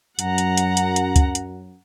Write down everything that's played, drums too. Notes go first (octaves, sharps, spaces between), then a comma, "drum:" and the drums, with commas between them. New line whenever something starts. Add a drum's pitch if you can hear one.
F#2 F#5 A#5, drum: hi-hat
drum: hi-hat
drum: hi-hat
drum: hi-hat
drum: hi-hat
drum: kick, hi-hat
drum: hi-hat